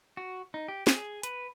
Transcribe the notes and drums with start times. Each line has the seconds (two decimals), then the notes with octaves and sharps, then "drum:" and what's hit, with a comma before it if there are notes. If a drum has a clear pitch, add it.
0.17 F#4
0.54 D#4
0.68 G4
0.87 G#4, drum: snare
1.23 B4, drum: hi-hat